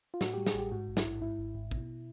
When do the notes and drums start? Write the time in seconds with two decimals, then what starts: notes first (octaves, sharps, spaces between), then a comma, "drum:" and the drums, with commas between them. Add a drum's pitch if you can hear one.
0.14 F4
0.21 A2 F#4, drum: snare
0.34 G3 G4
0.46 G#4, drum: snare
0.54 A1 G4
0.72 G#2 F#4
0.88 A1
0.97 E4, drum: snare
1.05 A1
1.22 G#2 E4
1.38 G#1
1.55 G#1
1.71 B2, drum: kick A#1